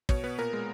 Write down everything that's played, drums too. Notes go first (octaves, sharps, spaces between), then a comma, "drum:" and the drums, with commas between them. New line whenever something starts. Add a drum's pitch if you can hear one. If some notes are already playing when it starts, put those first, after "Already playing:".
B2 C#5, drum: kick
B3 B4
A#2 A#4
G#3